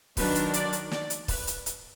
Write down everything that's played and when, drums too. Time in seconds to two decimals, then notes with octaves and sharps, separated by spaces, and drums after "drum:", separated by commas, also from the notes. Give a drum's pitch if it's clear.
0.17 D#3 F#3 D4 B4, drum: kick, open hi-hat
0.35 drum: hi-hat
0.54 D5, drum: hi-hat
0.73 drum: hi-hat
0.91 D5, drum: snare
1.10 drum: hi-hat
1.28 B4, drum: kick, open hi-hat
1.47 drum: hi-hat
1.66 drum: hi-hat